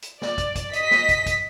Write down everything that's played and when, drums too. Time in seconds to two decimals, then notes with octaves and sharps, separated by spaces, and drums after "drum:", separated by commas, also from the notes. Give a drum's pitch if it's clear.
0.02 drum: hi-hat
0.22 D5, drum: snare
0.38 drum: kick, hi-hat
0.56 drum: kick, hi-hat
0.73 D#5 B6, drum: hi-hat
0.91 drum: snare
1.09 drum: kick, hi-hat
1.26 drum: kick, hi-hat